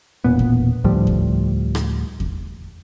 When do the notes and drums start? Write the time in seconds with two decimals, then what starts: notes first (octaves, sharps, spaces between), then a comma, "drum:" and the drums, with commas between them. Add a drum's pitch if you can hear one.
0.24 E1 A#2 B3
0.39 drum: kick E2
0.84 D2 A2 F3 G3
1.07 drum: kick E2
1.75 drum: rim click
2.20 drum: kick E2